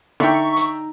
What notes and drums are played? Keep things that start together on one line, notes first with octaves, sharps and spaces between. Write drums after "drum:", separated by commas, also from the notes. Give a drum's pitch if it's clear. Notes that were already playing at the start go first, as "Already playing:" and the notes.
D3 D#4 D5 E5 G5 A#5 C#6, drum: snare E4
drum: hi-hat